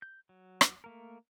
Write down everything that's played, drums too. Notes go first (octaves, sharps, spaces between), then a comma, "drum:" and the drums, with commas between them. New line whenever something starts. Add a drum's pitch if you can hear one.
G6
F#3
drum: rim click
A3 A#3 A#4